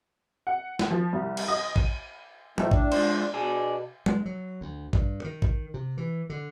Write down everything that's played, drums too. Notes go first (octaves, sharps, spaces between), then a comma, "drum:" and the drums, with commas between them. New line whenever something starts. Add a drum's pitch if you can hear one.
F#5
drum: snare
F3
C2
drum: cymbal
D#5
D#7, drum: kick A1
A2 F3 A3 D#4, drum: tom
D4, drum: kick A1
G#3 F4 C5, drum: cymbal
B2 D4 G#4
G#3, drum: tom
F#3
D2
G2, drum: kick A1
D#3
drum: kick A1
C3
E3
D3